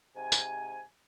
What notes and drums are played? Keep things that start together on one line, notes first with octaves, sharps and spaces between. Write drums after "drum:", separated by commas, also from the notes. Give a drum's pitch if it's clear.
G#2 C3 G#5
drum: tambourine